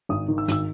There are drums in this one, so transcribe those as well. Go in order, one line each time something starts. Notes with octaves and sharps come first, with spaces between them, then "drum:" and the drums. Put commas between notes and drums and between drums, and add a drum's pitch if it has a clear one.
G#1 D#6
D#3
E6
G#1 E6, drum: hi-hat